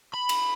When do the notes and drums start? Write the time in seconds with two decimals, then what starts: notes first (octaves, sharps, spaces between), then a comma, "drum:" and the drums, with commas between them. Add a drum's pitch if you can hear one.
0.14 B5
0.29 drum: cymbal